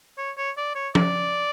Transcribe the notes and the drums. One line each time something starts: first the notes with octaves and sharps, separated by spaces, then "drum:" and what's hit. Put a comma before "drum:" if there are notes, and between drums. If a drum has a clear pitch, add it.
C#5
C#5
D5
C#5
D5, drum: tom